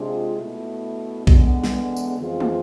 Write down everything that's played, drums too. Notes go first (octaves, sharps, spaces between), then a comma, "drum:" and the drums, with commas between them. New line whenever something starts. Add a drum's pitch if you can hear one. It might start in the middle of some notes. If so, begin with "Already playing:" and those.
Already playing: C3 G#3 D4 F4
B2 A3 E4
E2 D3 G#3 B3, drum: kick A#1
drum: snare
drum: tambourine
F2 E3 G#3 C4 F4
drum: tom